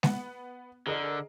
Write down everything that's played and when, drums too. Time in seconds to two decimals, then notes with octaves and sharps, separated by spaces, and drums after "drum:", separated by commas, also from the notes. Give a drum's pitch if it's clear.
0.03 B3 F#5, drum: snare G#3
0.87 D3 G#4 A#4 D#5